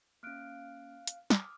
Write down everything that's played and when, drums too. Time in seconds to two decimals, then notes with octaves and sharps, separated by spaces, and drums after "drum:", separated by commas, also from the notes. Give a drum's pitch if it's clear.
0.23 A#3 C#4 F5 F6 F#6 D7
1.07 drum: hi-hat
1.30 D6 D#6 F6, drum: snare